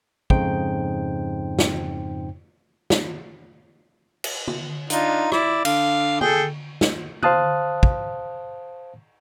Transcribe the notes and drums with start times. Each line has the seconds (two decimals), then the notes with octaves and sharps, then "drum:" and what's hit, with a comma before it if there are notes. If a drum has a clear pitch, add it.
0.30 F2 G#2 C#3 D#4 C5 G5, drum: kick
1.59 drum: snare
2.90 drum: snare
4.24 drum: cymbal
4.47 drum: tom
4.90 D4 D#4 F4, drum: hi-hat
5.32 E4 D5, drum: rim click
5.65 D3 F5, drum: cymbal
6.21 G#4 A4 G5, drum: tom
6.81 drum: snare
7.23 C5 F5 A5 D#6 F#6, drum: tom
7.83 drum: kick